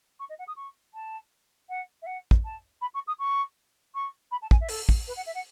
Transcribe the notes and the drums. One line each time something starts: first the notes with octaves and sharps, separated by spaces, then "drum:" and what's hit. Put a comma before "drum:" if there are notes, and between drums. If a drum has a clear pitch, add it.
C#6
D#5
F#5
D#6
C#6
A5
F#5
E5
F#5
drum: kick
A5
B5
C#6
D#6
C#6
C#6
B5
A5
G#5, drum: kick
E5
A4, drum: open hi-hat
drum: kick
B4
F#5
E5
F#5